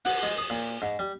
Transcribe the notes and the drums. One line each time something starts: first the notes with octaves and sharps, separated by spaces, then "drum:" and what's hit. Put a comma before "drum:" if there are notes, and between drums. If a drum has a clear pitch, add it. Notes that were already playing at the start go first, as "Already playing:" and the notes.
F#5, drum: open hi-hat
G#3
D#6
A#2
G#2
G3